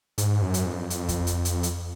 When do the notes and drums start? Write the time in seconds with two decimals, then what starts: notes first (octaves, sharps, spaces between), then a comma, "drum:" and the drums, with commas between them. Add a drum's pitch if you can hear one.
0.18 G#2, drum: hi-hat
0.42 F#2
0.54 drum: hi-hat
0.66 F2
0.90 drum: hi-hat
1.09 drum: kick, hi-hat
1.27 drum: hi-hat
1.45 drum: hi-hat
1.63 drum: hi-hat